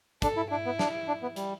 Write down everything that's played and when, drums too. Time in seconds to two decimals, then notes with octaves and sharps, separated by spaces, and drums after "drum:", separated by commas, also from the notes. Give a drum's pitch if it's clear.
0.22 D4 A4, drum: kick, hi-hat
0.37 E4
0.51 D4 E4
0.66 B3
0.79 D4, drum: snare
1.08 D4
1.22 B3
1.36 G3, drum: hi-hat